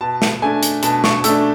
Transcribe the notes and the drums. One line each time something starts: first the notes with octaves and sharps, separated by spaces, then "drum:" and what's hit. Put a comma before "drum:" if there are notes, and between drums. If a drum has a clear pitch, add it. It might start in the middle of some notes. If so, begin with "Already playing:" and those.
B2 A5
drum: snare
A3 D4 G#5
drum: hi-hat
B2 A5, drum: hi-hat
C#6, drum: snare
A3 D4 E6, drum: hi-hat